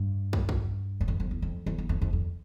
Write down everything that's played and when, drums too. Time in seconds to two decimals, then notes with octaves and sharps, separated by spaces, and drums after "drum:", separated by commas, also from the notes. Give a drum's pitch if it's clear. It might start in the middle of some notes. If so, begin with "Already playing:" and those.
Already playing: G2
0.33 drum: kick
0.49 drum: kick
1.01 F#2
1.08 F2
1.20 F2
1.31 E2
1.42 F2
1.66 F2
1.78 E2
1.89 F2
2.01 F2
2.13 F2